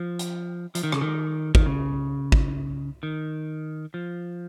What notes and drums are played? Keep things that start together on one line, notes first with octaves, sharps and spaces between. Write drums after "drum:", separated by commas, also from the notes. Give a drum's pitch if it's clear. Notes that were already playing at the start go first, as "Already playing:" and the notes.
Already playing: F3
drum: hi-hat
F3, drum: hi-hat
D#3
C#3, drum: rim click
D#3
D#3, drum: kick
C#3
drum: kick
D#3
F3